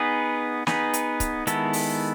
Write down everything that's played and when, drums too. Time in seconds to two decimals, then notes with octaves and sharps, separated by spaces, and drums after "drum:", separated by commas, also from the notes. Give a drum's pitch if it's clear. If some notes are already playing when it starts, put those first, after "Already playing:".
Already playing: B3 D#4 G#4 B4
0.67 B3 D#4 G#4 B4, drum: snare
0.93 drum: hi-hat
1.20 drum: kick C#1, hi-hat
1.47 D#3 G#3 B3 E4 A4, drum: hi-hat
1.73 drum: open hi-hat